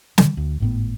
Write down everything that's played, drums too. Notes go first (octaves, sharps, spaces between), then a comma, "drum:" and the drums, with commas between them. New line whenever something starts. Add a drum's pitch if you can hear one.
D3 D#3 G3, drum: snare
D2
G#1 A2 B3